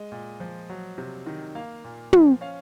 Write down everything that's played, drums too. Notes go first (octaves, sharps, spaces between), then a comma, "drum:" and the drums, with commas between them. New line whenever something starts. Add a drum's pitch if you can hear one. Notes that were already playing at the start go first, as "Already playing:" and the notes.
Already playing: G#3 D#5
A#2
F3
F#3
C3
D#3
A#3 F5
A#2
F3, drum: tom
C#4 F5